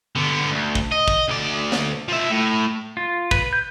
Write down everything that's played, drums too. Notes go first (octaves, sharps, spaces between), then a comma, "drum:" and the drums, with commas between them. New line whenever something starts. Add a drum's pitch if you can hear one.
D3 B3
D2
drum: kick
D#5
drum: kick
D2 D5
drum: snare
F3 E5
A2
F4
B4, drum: kick
G6